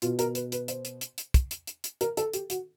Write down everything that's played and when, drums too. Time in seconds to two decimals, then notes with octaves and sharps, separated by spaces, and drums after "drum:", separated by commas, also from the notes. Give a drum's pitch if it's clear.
0.02 B2 F4, drum: hi-hat
0.19 A#4, drum: hi-hat
0.35 B4, drum: hi-hat
0.52 B4, drum: hi-hat
0.68 C5, drum: hi-hat
0.85 drum: hi-hat
1.01 drum: hi-hat
1.18 drum: hi-hat
1.34 drum: kick, hi-hat
1.51 drum: hi-hat
1.67 drum: hi-hat
1.84 drum: hi-hat
2.01 A#4, drum: hi-hat
2.17 A4, drum: hi-hat
2.33 G4, drum: hi-hat
2.50 F#4, drum: hi-hat